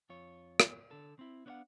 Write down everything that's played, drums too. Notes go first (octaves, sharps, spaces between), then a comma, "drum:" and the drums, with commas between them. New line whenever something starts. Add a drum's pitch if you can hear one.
F2 F4 C#5
drum: rim click
D3 A4
C4 E4
B3 D4 B4 C#5 F5 F#5